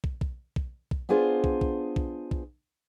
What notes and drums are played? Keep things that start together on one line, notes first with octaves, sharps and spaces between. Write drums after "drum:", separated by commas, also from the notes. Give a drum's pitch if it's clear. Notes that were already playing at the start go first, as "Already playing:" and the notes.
drum: kick
drum: kick
drum: kick
drum: kick
B3 D4 F4 G#4 C5
drum: kick
drum: kick
drum: kick
drum: kick